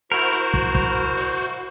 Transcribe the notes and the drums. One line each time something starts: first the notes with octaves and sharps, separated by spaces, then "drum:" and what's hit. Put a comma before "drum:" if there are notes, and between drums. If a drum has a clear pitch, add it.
E4 F#4 A#4 C5
drum: hi-hat
drum: kick
drum: kick, hi-hat
drum: open hi-hat